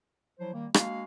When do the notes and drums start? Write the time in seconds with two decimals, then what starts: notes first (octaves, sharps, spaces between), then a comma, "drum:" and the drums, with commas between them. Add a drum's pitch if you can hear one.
0.39 F3 F#3 E4 C5
0.53 D#3 G3 A#3
0.74 G#3 A#3 D4 F#4 F5, drum: rim click